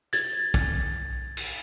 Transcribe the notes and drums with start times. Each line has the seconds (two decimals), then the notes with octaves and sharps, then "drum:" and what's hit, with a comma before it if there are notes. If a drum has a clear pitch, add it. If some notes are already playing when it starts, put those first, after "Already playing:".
0.13 G#6 A6, drum: hi-hat
0.54 drum: kick
1.37 drum: cymbal